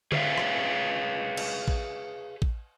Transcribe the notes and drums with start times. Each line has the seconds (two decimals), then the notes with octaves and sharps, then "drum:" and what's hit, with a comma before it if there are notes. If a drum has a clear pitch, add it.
0.12 G#4 B4 C#5 E5 F5, drum: tom D3
0.38 drum: rim click
1.37 drum: cymbal
1.68 drum: kick
2.42 drum: kick